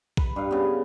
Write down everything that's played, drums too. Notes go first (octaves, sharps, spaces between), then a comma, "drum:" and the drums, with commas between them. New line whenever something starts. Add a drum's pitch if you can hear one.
B4, drum: kick B1
G2 F5
C#3 B3